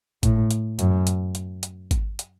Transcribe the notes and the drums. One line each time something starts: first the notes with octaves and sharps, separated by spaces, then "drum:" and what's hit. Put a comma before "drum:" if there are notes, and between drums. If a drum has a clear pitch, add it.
A2, drum: kick G#1, hi-hat
drum: hi-hat
F#2, drum: hi-hat
drum: hi-hat
drum: hi-hat
drum: hi-hat
drum: kick G#1, hi-hat
drum: hi-hat